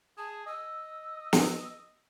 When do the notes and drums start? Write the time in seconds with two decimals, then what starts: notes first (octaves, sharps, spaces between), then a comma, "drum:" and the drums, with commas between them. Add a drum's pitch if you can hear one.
0.18 G#4 A5
0.47 D#5 E6
1.33 drum: snare